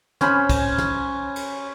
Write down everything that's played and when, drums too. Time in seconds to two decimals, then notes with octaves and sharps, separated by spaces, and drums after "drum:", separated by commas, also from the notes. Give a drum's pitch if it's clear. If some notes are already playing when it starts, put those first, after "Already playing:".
0.21 C#4 C5 G#5 B5, drum: snare
0.49 drum: kick B1, cymbal
0.78 drum: snare
1.36 drum: cymbal